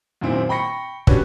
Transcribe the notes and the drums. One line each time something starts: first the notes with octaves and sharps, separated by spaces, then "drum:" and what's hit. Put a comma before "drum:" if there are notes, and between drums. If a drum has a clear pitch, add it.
F#2 A#2 D#3 C4 E4
G5 B5 C#6 A#6 C#7
C#4 D4 F#4 G4 B4 C#5, drum: kick